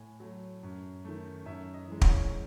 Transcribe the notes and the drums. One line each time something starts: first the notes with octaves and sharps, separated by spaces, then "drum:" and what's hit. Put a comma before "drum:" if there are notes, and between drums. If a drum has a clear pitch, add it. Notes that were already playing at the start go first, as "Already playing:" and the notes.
Already playing: A2 G#5
F#3 A3
F#2
D#3 A3
F#2 E5
D#5
E3 G#3
C#5, drum: kick